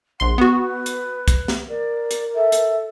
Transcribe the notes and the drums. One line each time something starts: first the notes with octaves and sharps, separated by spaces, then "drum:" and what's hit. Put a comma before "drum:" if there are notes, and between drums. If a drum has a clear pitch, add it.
A#1 F#5 C6
B3 F#4 B4
drum: hi-hat
drum: kick, hi-hat
drum: snare
A#4 D5
drum: hi-hat
A4 E5
drum: hi-hat